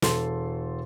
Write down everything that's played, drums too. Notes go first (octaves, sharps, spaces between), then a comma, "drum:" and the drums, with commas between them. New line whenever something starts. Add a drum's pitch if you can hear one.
E1 A4 C6, drum: snare